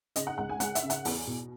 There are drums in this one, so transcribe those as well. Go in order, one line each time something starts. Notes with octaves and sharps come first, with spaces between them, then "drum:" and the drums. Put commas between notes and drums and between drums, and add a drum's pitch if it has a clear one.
C#3 D#5, drum: hi-hat
F#5
C#2 F#5
G#5
G#3 F#5, drum: hi-hat
E5, drum: hi-hat
C#3
F#5, drum: hi-hat
E2, drum: open hi-hat
B2